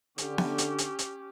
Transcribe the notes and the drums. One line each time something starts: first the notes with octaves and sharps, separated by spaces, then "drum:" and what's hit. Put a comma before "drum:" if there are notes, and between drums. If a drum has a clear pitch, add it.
D3 C#4 G4, drum: hi-hat
drum: snare B3
drum: hi-hat
drum: hi-hat
drum: hi-hat